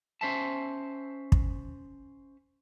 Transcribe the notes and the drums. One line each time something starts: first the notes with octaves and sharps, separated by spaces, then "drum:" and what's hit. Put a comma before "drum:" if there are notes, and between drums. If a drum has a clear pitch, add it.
C#4 C5 E5 A5
drum: kick